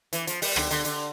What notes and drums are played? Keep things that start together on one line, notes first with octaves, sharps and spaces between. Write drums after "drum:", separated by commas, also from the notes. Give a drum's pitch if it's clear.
E3, drum: hi-hat
F3, drum: hi-hat
G3, drum: open hi-hat
D3, drum: rim click
D3, drum: hi-hat
D3, drum: hi-hat